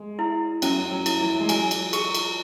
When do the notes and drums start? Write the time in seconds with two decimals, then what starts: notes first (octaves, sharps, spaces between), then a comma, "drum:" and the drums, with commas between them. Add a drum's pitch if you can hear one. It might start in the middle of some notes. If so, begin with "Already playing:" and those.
Already playing: G#3
0.19 E4
0.62 F#3 C#4, drum: cymbal
0.91 F#3
1.06 E4, drum: cymbal
1.20 E3
1.40 G#3
1.49 F#3 G#5, drum: cymbal
1.71 drum: cymbal
1.93 G#4, drum: cymbal
2.15 drum: cymbal